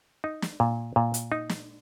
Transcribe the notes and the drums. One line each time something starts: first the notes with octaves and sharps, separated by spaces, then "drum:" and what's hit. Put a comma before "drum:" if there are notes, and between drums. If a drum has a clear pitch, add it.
D#4
drum: snare
A#2
A#2
drum: hi-hat
D#4
drum: snare